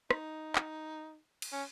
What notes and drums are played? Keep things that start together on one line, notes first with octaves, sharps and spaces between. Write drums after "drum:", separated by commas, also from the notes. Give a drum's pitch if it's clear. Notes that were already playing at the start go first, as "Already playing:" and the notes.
D#4, drum: rim click
drum: clap
drum: cymbal
C#4